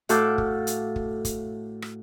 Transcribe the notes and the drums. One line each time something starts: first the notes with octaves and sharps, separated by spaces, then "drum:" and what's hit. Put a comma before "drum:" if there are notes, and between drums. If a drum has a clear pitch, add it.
A2 F#4 A4 F5 D6 G6, drum: hi-hat
drum: kick
drum: hi-hat
drum: kick
drum: kick, hi-hat
drum: rim click